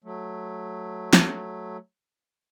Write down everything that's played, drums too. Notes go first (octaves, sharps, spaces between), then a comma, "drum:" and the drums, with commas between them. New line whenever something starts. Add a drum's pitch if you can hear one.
F#3 A3
drum: snare